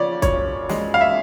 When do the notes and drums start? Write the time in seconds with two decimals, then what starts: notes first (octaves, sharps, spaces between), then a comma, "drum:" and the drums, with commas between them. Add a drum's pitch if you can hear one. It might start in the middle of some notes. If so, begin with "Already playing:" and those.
Already playing: C#3 F3 C#5 D5
0.22 F#2 C#5, drum: kick, hi-hat
0.69 G#3, drum: snare
0.94 F5
1.01 E5